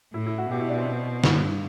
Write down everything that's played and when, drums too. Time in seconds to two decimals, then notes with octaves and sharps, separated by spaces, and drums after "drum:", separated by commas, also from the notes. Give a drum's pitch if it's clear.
0.14 A2 E4
0.26 E4
0.38 F#4
0.50 B2 G4
0.60 E4
0.69 D4
0.78 C4
1.24 G2, drum: snare